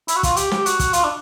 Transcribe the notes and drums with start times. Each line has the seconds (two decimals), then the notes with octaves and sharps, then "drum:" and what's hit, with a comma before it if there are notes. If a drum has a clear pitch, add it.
0.08 E4, drum: hi-hat
0.16 F#4
0.23 F4, drum: kick, hi-hat
0.36 G4, drum: hi-hat
0.51 G4, drum: snare
0.66 F#4, drum: hi-hat
0.80 drum: kick, hi-hat
0.93 F4, drum: hi-hat
1.04 D4